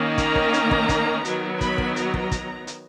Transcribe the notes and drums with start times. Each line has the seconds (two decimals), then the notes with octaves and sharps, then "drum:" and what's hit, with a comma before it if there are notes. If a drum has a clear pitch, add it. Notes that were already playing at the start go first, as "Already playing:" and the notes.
Already playing: D#3 A#3 C#4
0.18 A#5, drum: kick, hi-hat
0.35 drum: kick
0.53 drum: hi-hat
0.71 drum: kick
0.89 drum: kick, hi-hat
1.25 D#3 F#3 B3, drum: hi-hat
1.61 B5, drum: kick, hi-hat
1.78 drum: kick
1.96 A#5, drum: hi-hat
2.14 drum: kick
2.31 drum: kick, hi-hat
2.67 drum: hi-hat